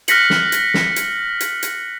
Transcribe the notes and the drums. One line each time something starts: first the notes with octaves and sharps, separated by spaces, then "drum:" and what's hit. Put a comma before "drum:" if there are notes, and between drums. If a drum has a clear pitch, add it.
F6 F#6 A#6 B6 C#7 F#7, drum: hi-hat
drum: snare
drum: hi-hat
drum: snare
drum: hi-hat
drum: hi-hat
drum: hi-hat